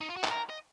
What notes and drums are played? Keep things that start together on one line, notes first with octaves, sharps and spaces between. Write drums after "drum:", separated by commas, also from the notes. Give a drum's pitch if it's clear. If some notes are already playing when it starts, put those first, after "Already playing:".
D#4
F4
F#4
A4, drum: clap
A#4
D#5